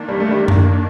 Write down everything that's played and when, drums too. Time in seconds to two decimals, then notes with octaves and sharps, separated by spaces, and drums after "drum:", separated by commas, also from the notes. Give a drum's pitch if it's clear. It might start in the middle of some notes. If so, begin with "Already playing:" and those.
Already playing: D#3 A#3 D4
0.09 G3
0.20 A3
0.31 G3
0.48 drum: tom F#2